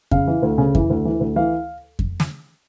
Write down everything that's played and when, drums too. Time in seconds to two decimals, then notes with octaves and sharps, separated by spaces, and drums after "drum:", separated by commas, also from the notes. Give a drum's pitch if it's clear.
0.11 C#3 F5, drum: kick F2
0.27 E3
0.42 D2
0.58 C#3
0.75 E3, drum: kick F2
0.90 D2
1.05 E3
1.20 D2
1.36 E3 F5
1.99 drum: kick F2
2.20 drum: snare